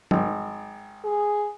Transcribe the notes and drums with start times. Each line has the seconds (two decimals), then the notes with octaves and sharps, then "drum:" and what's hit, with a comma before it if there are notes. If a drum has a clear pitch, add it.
0.11 G#1, drum: tom
1.04 G#4